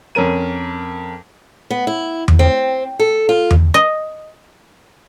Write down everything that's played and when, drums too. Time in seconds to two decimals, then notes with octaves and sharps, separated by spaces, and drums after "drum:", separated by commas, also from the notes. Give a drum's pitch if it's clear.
0.15 F2 C#4 A#4 D#7
1.70 B3
1.87 E4
2.28 drum: tom E2
2.39 C4
3.00 A4
3.29 F4
3.51 drum: tom E2
3.74 D#5